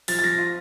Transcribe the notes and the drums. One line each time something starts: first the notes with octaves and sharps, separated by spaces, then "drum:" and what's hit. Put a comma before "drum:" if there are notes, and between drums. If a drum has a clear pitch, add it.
F3 A6, drum: open hi-hat
A6
F3 A#6
F4 A#6